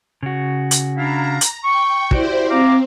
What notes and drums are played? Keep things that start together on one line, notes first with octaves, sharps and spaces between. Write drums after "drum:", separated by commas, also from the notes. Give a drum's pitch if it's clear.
C#3 F#4
drum: hi-hat
D4 E4 F5 A#5
drum: hi-hat
G5 C#6
E4 F#4 G4 C5 D5, drum: kick
C4 F5 A#5 D6